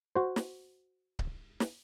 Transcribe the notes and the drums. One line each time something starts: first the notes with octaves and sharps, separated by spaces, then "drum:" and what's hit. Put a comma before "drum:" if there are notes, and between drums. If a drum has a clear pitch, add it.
F#4 C5
drum: snare
drum: kick C#1
drum: snare